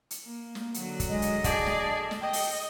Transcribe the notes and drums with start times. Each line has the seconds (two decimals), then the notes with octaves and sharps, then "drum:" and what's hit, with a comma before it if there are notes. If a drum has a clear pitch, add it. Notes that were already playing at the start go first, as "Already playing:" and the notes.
0.11 drum: hi-hat
0.24 A#3
0.55 drum: snare
0.74 D3 F#3 F#4, drum: hi-hat
1.00 drum: kick, hi-hat
1.09 G#3 D#5
1.22 drum: hi-hat
1.44 G#4 D5 A5, drum: kick, hi-hat
1.66 drum: snare
1.86 A4
2.11 drum: snare
2.21 D#5 G5
2.33 drum: open hi-hat